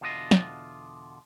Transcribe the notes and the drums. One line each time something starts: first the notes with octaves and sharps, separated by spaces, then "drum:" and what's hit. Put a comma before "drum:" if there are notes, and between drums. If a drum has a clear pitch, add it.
E2 B2 D3 F4 A#4 D#5
drum: snare